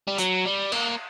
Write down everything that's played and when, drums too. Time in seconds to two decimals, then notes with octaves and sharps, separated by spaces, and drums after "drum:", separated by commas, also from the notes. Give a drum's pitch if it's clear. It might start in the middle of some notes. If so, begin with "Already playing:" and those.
0.08 G3
0.18 F#3, drum: hi-hat
0.45 G3
0.72 A#3, drum: cymbal